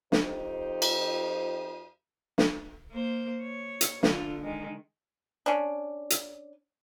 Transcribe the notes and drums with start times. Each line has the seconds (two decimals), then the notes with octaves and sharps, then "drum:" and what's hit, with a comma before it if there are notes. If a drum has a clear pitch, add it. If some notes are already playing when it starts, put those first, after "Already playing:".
0.12 F2 D#4 G4 C5, drum: snare
0.82 drum: cymbal
2.38 drum: snare
2.91 A#3 C5
3.42 C#5
3.81 drum: hi-hat
4.03 D3 F4, drum: snare
4.41 D#3 G#3
5.46 C#4 D4
6.10 drum: hi-hat